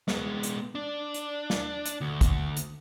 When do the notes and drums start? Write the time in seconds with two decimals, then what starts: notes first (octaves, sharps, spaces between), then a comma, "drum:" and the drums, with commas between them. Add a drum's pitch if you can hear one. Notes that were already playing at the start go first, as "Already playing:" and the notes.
0.08 G#3 B3, drum: snare
0.43 drum: hi-hat
0.75 D4
1.14 drum: hi-hat
1.50 drum: snare
1.86 drum: hi-hat
2.01 D2
2.21 drum: kick, hi-hat
2.57 drum: hi-hat